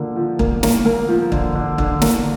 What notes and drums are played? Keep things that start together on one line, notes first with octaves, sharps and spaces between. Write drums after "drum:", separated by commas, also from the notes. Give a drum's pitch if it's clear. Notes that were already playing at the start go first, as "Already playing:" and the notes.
Already playing: D3 F3 A#3
F3
A#3, drum: kick
A#3, drum: snare
A#3
F3
D3, drum: kick
D3
D3, drum: kick
A#3, drum: snare